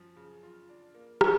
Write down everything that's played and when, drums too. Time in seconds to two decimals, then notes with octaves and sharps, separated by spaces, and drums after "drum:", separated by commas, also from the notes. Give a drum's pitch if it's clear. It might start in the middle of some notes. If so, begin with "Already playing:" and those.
Already playing: F#2 F3
0.17 C#3
0.43 F4
0.69 D4
0.94 A#3
1.21 B3, drum: rim click